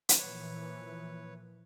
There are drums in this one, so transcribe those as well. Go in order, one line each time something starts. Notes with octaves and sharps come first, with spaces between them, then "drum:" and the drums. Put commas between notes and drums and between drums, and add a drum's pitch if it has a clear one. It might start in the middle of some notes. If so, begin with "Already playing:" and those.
drum: hi-hat
A#2 E3 F3 B4 C#5